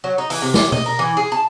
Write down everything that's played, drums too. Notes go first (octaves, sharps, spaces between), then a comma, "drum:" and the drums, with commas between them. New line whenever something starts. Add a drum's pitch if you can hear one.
F#3
D#4
E3, drum: open hi-hat
C3
G4, drum: snare
D#5, drum: tom B2
A#4
E3
G#4
A5